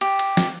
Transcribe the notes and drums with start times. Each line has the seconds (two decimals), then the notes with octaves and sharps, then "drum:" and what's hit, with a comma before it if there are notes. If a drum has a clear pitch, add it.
0.01 G4, drum: cymbal
0.19 drum: cymbal
0.37 drum: snare